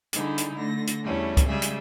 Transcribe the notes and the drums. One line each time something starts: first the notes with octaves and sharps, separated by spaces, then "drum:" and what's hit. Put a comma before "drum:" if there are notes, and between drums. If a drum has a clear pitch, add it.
D3 G3 D#4 E4 G#4, drum: hi-hat
drum: hi-hat
D3 A3 A#6
drum: hi-hat
E2 E3 G3 A3 C#4
drum: kick, hi-hat
C#3 G3 G#3 G#4 E5
drum: hi-hat